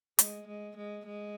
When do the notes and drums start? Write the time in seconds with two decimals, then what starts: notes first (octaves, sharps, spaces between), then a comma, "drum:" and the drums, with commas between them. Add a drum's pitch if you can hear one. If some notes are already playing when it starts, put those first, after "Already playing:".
0.19 G#3, drum: hi-hat
0.47 G#3
0.76 G#3
1.06 G#3